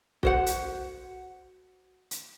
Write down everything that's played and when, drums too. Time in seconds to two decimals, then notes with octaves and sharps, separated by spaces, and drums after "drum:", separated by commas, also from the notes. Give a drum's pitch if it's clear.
0.23 F#4 C5 F#5, drum: kick
0.46 drum: hi-hat
2.11 drum: hi-hat